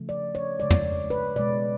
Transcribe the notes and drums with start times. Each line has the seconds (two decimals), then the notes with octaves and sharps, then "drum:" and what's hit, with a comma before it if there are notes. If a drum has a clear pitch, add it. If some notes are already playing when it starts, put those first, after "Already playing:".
Already playing: C#3 F3 A3
0.09 D5
0.35 C#5
0.59 C#3 G#3 D5
0.70 drum: tom
1.10 B4
1.36 B2 G#3 D5